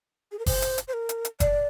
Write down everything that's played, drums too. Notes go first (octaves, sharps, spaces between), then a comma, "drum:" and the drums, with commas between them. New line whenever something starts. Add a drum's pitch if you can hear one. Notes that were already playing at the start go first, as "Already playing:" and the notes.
G#4
A#4
C5, drum: kick F#1, open hi-hat
drum: hi-hat
drum: hi-hat
C5
A#4
drum: hi-hat
drum: hi-hat
D5, drum: kick F#1, hi-hat